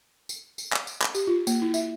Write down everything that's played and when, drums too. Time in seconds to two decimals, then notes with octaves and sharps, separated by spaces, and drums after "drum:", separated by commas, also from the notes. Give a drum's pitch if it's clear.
0.29 drum: tambourine
0.58 drum: tambourine
0.73 drum: clap
0.87 drum: tambourine
1.02 drum: clap
1.15 G4, drum: tambourine
1.27 F4
1.47 A#3, drum: tambourine
1.62 E4
1.74 E5, drum: tambourine